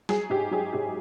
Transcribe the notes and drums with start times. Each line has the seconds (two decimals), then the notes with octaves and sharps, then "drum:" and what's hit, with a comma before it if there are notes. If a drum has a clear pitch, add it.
0.09 F#3 G#4, drum: snare
0.30 G#2 G4
0.51 F#3 G#4
0.73 G#2 G4